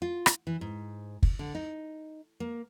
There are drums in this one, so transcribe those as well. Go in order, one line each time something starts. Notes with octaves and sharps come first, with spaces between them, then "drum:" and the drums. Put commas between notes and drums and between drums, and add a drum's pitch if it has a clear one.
F4
drum: rim click
E3
G#2
drum: kick
D3
D#4
A#3